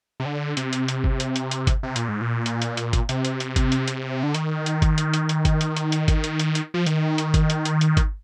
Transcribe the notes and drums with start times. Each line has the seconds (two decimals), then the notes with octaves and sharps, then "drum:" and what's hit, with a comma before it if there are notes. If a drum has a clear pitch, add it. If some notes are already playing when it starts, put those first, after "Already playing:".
0.20 C3
0.26 D3
0.57 C3, drum: hi-hat
0.73 drum: hi-hat
0.88 drum: hi-hat
1.04 drum: kick G1
1.20 drum: hi-hat
1.36 drum: hi-hat
1.51 drum: hi-hat
1.67 drum: kick G1, hi-hat
1.83 C3
1.96 A#2, drum: hi-hat
2.08 G#2
2.21 A#2
2.46 drum: hi-hat
2.62 drum: hi-hat
2.77 drum: hi-hat
2.93 drum: kick G1, hi-hat
3.09 C3, drum: hi-hat
3.25 drum: hi-hat
3.40 drum: hi-hat
3.56 drum: kick G1, hi-hat
3.72 drum: hi-hat
3.88 drum: hi-hat
4.23 D3
4.34 D#3, drum: hi-hat
4.66 drum: hi-hat
4.82 drum: kick G1, hi-hat
4.98 drum: hi-hat
5.14 drum: hi-hat
5.29 drum: hi-hat
5.45 drum: kick G1, hi-hat
5.61 drum: hi-hat
5.77 drum: hi-hat
5.92 drum: hi-hat
6.08 drum: kick G1, hi-hat
6.24 drum: hi-hat
6.39 drum: hi-hat
6.55 drum: hi-hat
6.74 F3
6.86 D#3, drum: hi-hat
7.18 drum: hi-hat
7.34 drum: kick G1, hi-hat
7.50 drum: hi-hat
7.65 drum: hi-hat
7.81 drum: hi-hat
7.97 drum: kick G1, hi-hat